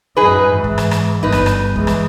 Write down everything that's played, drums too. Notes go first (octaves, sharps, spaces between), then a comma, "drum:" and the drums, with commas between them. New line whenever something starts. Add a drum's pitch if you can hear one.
F#2 D#4 G#4 B4
G#2 E3
drum: kick
drum: rim click
drum: rim click
G1 D#4 B4
drum: rim click
drum: rim click
E3 G#3, drum: kick
drum: rim click